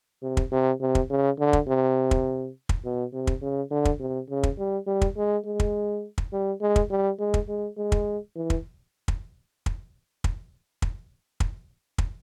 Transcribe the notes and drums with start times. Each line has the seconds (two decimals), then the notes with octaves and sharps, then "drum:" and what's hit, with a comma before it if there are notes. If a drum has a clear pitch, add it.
0.22 C3
0.37 drum: kick
0.51 C3
0.81 C3
0.95 drum: kick
1.10 C#3
1.39 D3
1.53 drum: kick
1.68 C3
2.11 drum: kick
2.69 drum: kick
2.84 B2
3.13 C3
3.27 drum: kick
3.41 C#3
3.71 D3
3.85 drum: kick
3.99 C3
4.30 C#3
4.43 drum: kick
4.58 G3
4.87 G3
5.02 drum: kick
5.17 G#3
5.45 G#3
5.60 drum: kick
6.18 drum: kick
6.32 G3
6.61 G#3
6.76 drum: kick
6.90 G3
7.19 G#3
7.34 drum: kick
7.48 G#3
7.77 G#3
7.92 drum: kick
8.36 E3
8.50 drum: kick
9.08 drum: kick
9.66 drum: kick
10.24 drum: kick
10.82 drum: kick
11.40 drum: kick
11.98 drum: kick